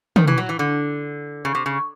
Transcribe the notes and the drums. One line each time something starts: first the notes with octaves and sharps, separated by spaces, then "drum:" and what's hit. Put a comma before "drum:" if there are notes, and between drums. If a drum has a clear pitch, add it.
D#3, drum: tom
E3
F#3
E3
D3
C#3
C3
C#3